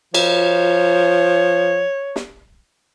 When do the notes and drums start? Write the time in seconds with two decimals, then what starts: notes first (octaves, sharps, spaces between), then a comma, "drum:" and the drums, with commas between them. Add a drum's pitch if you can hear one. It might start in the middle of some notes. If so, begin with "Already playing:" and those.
0.14 F3 C#5, drum: cymbal
2.16 drum: snare